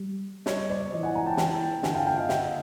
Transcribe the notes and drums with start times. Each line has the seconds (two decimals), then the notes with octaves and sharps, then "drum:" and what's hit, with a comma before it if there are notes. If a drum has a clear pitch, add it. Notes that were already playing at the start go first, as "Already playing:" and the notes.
Already playing: G3
0.46 G3 C#5 D#5, drum: snare
0.70 C5 D5
0.92 E3 C#5 D#5
1.03 F#5 G#5
1.15 G#5 A#5
1.26 G5 A5
1.37 E3 G5 A5, drum: snare
1.83 D3 F#5 G#5, drum: snare
1.95 F5 G5
2.07 F5 G5
2.18 D#5 F5
2.29 D3 E5 F#5, drum: snare
2.45 D#5 F5